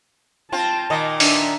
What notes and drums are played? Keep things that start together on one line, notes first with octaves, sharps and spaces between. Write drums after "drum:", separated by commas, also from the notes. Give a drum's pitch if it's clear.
C4 F4 A5
A#2 D#3 D#5
D4 E5, drum: open hi-hat